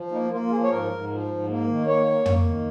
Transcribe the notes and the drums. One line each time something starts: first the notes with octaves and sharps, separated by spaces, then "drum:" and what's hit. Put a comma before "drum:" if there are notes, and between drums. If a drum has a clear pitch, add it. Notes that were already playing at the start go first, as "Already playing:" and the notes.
Already playing: F3
A#3 D#4
A#3 F4
F4
F3 G#4
C#5
G#2 A#4
G#2
F3
G#2
A#3
D#3
A#3 C#5
A#3
A#3, drum: tom
D#3